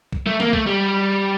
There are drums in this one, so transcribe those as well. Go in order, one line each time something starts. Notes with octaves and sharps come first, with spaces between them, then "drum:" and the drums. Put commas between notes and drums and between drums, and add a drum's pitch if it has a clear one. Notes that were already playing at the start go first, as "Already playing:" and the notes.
drum: kick B1
A3
A#3, drum: tom
A3, drum: kick B1
G3